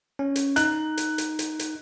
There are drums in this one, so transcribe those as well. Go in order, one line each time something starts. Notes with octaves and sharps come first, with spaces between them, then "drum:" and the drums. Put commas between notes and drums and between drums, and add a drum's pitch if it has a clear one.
C#4
drum: hi-hat
D#4 F#6, drum: hi-hat
drum: hi-hat
drum: hi-hat
drum: hi-hat
drum: hi-hat